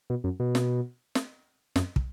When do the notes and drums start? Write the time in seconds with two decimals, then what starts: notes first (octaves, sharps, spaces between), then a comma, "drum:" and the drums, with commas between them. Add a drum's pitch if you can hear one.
0.10 B2
0.24 F#2
0.40 B2
0.55 drum: snare
1.15 drum: snare
1.76 F#2, drum: snare
1.96 drum: kick